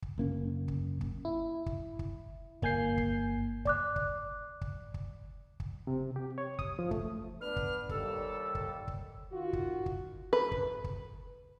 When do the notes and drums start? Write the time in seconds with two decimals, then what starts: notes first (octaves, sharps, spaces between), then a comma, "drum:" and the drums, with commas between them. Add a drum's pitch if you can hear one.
0.02 drum: kick
0.18 F#1 A#3 C#4
0.68 drum: kick
1.01 drum: kick
1.25 E4
1.66 drum: kick
1.99 drum: kick
2.62 G1 A#3 G#5 G6 C7, drum: kick
2.97 drum: kick
3.65 D5 D6 F#6, drum: kick
3.96 drum: kick
4.61 drum: kick
4.94 drum: kick
5.60 drum: kick
5.87 C3
6.16 G4
6.38 C#5
6.59 D#6, drum: kick
6.79 F3
6.91 A3, drum: kick
7.41 B3 D4 B4 F6
7.56 drum: kick
7.89 D#2 G3 A4, drum: kick
8.55 drum: kick
8.88 drum: kick
9.33 D#3 F4 F#4
9.53 drum: kick
9.86 drum: kick
10.33 B4
10.52 drum: kick
10.84 drum: kick